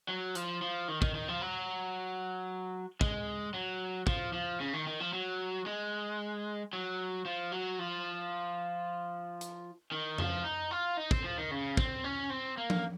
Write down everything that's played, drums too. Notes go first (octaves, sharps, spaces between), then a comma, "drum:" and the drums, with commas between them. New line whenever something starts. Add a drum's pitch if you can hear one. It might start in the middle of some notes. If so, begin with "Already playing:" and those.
F#3
F3, drum: hi-hat
F3
D#3
D#3, drum: kick
D#3
F3
F#3
G#3, drum: kick
F#3
F3, drum: kick
F3
C#3
D#3
D#3
F3
F#3
G#3
F#3
F3
F#3
F3
drum: hi-hat
D#3
F3, drum: tom F2
D#4
F4
D#4
C4, drum: kick
F3
D#3
C#3
C4, drum: kick
C#4
C4
A#3
drum: tom F3